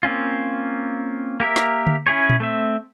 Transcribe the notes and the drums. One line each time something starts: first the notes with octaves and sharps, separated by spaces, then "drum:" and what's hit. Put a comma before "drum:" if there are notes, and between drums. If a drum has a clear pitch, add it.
A#3 C4 C#4 F4
A#3 G4 A#4 E5
drum: snare
drum: tom D3
C#4 E4 G#4 C#5
drum: tom A#2
A3 C4 E5